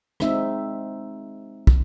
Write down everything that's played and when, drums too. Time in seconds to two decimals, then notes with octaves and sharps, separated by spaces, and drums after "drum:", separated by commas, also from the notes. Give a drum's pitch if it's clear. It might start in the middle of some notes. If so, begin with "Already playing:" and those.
0.20 G#3 C4 D#4 E5, drum: rim click
1.67 drum: kick